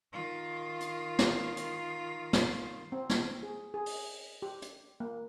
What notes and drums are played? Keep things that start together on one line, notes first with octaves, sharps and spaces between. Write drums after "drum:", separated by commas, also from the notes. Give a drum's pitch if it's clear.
D#3 F4
drum: hi-hat
drum: snare
drum: hi-hat
drum: snare
C4
drum: snare
G#4
G#4
drum: open hi-hat
G4
drum: hi-hat
A#3